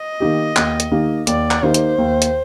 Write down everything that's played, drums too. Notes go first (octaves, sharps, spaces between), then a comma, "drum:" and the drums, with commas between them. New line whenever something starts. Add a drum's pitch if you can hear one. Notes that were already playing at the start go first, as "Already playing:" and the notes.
Already playing: D#5
D#3 A#3 D#4 G4
D#2, drum: clap
drum: hi-hat
D#3 A#3 D#4 G4
D#2 D5, drum: hi-hat
drum: clap
D#3 A#3 D#4 G4 C5
drum: hi-hat
D#2
drum: hi-hat